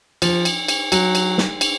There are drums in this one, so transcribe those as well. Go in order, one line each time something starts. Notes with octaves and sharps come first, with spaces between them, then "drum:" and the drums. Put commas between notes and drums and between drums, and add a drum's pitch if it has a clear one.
F3, drum: cymbal
drum: cymbal
drum: cymbal
F#3, drum: cymbal
drum: cymbal
drum: snare
drum: cymbal